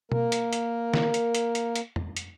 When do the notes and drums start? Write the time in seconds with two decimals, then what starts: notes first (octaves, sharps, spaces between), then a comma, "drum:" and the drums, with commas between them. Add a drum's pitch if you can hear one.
0.12 A#3 A#4, drum: tom B2
0.32 drum: hi-hat
0.53 drum: hi-hat
0.94 drum: snare
1.14 drum: hi-hat
1.35 drum: hi-hat
1.55 drum: hi-hat
1.76 drum: hi-hat
1.96 drum: tom
2.17 drum: hi-hat